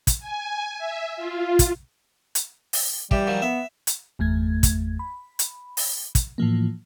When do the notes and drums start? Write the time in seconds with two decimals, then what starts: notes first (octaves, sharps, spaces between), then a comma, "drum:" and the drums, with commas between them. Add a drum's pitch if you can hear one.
0.07 drum: kick, hi-hat
0.20 G#5
0.79 E5
1.16 F4
1.59 drum: kick, hi-hat
2.35 drum: hi-hat
2.73 drum: open hi-hat
3.11 E3 G3 G4, drum: kick
3.27 D#3 F3 F#3
3.42 B3 E5
3.87 drum: hi-hat
4.19 G1 E2 A3 G#6
4.63 drum: kick, hi-hat
4.99 B5
5.39 drum: hi-hat
5.77 drum: open hi-hat
6.15 drum: kick, hi-hat
6.38 A2 E3 F3 A#3